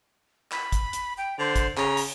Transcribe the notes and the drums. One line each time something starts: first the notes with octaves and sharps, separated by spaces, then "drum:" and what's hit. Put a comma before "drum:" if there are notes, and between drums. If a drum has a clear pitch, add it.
B5, drum: clap
drum: kick, hi-hat
drum: hi-hat
G5
D3 C5
drum: kick, hi-hat
C#3 A#5, drum: clap
drum: open hi-hat